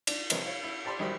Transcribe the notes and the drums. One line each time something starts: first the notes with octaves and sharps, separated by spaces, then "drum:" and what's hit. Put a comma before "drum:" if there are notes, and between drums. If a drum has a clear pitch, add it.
D4, drum: cymbal
C3 F3 A#4 B4 C#5 D#5, drum: cymbal
E4 F4 C#5
E4
G4 D5 A5 B5 C6
A#1 D#3 F#3 G3 C5 B5